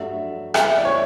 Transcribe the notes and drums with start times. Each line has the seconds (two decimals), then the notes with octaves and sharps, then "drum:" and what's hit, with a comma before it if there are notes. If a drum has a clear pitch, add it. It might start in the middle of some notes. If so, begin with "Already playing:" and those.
Already playing: G2 F#3 A3 D4 E5
0.54 E5, drum: rim click
0.77 D5
0.85 C#5